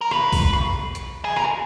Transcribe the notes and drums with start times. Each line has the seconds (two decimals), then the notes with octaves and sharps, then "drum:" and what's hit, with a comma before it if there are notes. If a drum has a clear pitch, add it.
0.01 A#4
0.11 B4, drum: rim click
0.33 drum: kick, open hi-hat
0.53 drum: rim click
0.95 drum: hi-hat
1.25 G#4
1.36 A#4, drum: rim click